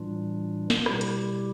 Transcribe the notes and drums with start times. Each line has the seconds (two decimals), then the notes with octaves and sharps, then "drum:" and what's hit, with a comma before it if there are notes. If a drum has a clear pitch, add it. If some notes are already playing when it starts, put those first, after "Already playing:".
Already playing: A2 E3 G3 D4 F4
0.70 drum: snare
0.86 B2 G3 E4 G4, drum: rim click
1.01 drum: hi-hat